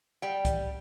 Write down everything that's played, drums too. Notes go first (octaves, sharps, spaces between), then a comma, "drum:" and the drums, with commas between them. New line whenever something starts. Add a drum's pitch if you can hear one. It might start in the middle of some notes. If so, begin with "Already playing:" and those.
G3 G5
drum: kick C2, hi-hat